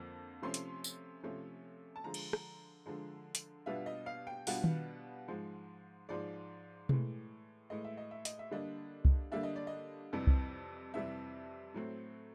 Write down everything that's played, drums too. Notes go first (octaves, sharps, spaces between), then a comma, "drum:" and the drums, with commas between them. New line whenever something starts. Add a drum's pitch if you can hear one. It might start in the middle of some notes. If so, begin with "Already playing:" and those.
Already playing: F2 D3 F3 A#3
C3 F3 A3 C#4 C6
drum: hi-hat
drum: tambourine
C3 F3 A3 C#4
A5
D3 F3 G#3 A#5
drum: cymbal
drum: rim click
D3 F3 G#3
drum: hi-hat
B2 G3 B3 D4 F4 E5
D#5
F5
G5
B2 G3 B3 D4 F4 F#5, drum: open hi-hat
drum: tom D#3
G#2 F3 G#3
G#2 F3 G#3 D5
A2 E3 G#3, drum: tom B2
A2 E3 G#3 D#5
E5
D#5
E5
D#5, drum: hi-hat
E5
D3 G3 A#3 D4 D#5
drum: kick C2
D3 G3 A#3 D4 E5
D#5
D5
D#5
F2 C3 E3 G3
drum: kick C2
F2 C3 E3 G3 E5
A2 F#3 A3 C4